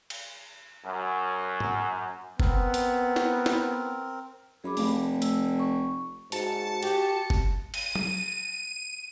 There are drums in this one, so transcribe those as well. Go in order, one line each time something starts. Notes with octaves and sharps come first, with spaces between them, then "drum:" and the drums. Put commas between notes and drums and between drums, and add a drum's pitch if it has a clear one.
drum: cymbal
F#2
drum: tom G#2
B3 C4 A#4, drum: kick
drum: hi-hat
drum: snare
drum: snare
F#2 G#4 B5 D6
F1 A3 F5, drum: open hi-hat
E6, drum: hi-hat
C#6
G#2 F#4 A5 C#7, drum: hi-hat
G4, drum: cymbal
drum: kick
D#7, drum: cymbal
drum: tom F#3